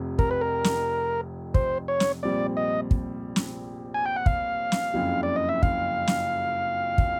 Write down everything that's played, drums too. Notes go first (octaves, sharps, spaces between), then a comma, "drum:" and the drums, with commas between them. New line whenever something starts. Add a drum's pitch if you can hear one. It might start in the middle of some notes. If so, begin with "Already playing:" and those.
Already playing: F1 F2 C3
A#4, drum: kick
B4
A#4
drum: snare
C5, drum: kick
C#5
drum: snare
A#1 A#2 G3 C4 D5
D#5
drum: kick
drum: snare
G#5
G5
F#5
F5, drum: kick
drum: snare
F#1 F2 C#3
D5
D#5
E5
F5, drum: kick
drum: snare
drum: kick